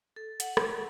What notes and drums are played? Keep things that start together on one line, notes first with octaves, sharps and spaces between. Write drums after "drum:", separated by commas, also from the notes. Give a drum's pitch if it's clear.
A4
F#5, drum: hi-hat
A4, drum: rim click